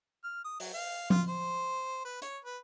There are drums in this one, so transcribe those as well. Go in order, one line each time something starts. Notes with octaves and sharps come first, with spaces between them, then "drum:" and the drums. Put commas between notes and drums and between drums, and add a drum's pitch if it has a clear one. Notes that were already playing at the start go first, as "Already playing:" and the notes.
F6
D#6
F#3, drum: open hi-hat
F5
F4, drum: tom F3
C5
B4
C#5, drum: hi-hat
B4